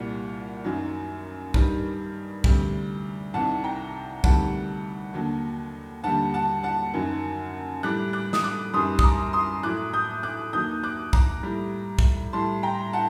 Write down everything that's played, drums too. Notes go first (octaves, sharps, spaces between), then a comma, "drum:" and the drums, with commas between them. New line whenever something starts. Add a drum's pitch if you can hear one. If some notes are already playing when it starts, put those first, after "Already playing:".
Already playing: C2 A#2 G3 F#5
F#2 D#3 F#3
G2 D#3 G3, drum: kick B1
D2 C3 G3, drum: kick B1
C2 C3 D#3 F#5 A5
G5 A#5
D2 C3 D#3 G3 F#5 A5, drum: kick B1
D#2 D3 F#3
D#2 D3 G3 F#5 A5
F#5 A5
F#5 A5
F#2 D#3 F#3
A2 G3 D6 F#6
D6 F#6
D#6, drum: snare
D6 F#6
F#2 D#3 G3 C6 D#6
D#6, drum: kick B1
A#5 D6
C6 D#6
A2 F#3 D6 F#6
D#6 G6
D6 F#6
D#2 D#3 F#3 D#6 G6
D6 F#6
A#5 D6, drum: kick B1
A2 G3
drum: kick B1
A2 G3 A5 C6
G5 A#5
F#5 A5